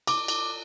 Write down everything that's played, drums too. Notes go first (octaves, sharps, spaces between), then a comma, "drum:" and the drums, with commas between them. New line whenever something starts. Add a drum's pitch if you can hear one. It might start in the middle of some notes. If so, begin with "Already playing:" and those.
D6, drum: cymbal
drum: cymbal